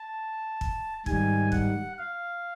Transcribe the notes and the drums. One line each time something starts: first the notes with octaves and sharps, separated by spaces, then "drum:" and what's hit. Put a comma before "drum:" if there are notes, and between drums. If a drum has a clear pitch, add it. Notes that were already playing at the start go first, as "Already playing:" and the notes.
Already playing: A5
drum: kick
G#2 D#3 G3 G#5, drum: kick
F#5, drum: kick
F5